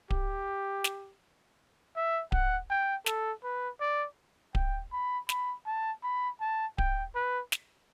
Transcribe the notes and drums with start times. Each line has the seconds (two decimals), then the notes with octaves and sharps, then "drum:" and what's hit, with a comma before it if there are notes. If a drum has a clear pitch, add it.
0.10 G4, drum: kick D1
0.84 drum: snare
1.96 E5
2.32 F#5, drum: kick D1
2.70 G5
3.06 A4, drum: snare
3.44 B4
3.80 D5
4.55 G5, drum: kick D1
4.93 B5
5.29 B5, drum: snare
5.66 A5
6.03 B5
6.41 A5
6.78 G5, drum: kick D1
7.15 B4
7.52 drum: snare